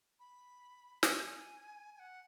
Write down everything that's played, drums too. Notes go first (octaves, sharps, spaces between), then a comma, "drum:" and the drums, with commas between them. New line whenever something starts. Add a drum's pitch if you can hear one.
B5
B5, drum: snare
G#5
G#5
F#5